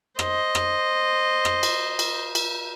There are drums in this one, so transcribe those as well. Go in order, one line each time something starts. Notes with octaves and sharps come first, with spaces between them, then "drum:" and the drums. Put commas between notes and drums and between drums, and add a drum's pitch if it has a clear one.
C5 D#5, drum: rim click
drum: rim click
drum: rim click
drum: cymbal
drum: cymbal
drum: cymbal